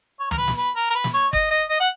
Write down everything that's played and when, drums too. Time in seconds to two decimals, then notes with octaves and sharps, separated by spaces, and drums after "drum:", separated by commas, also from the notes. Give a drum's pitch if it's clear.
0.20 C#5
0.31 A#4, drum: tom
0.38 B4
0.48 drum: snare
0.57 B4
0.76 A#4
0.90 A#4
0.95 B4
1.04 drum: snare
1.14 C#5
1.33 D#5, drum: kick G1
1.51 D#5
1.70 D#5
1.80 F#5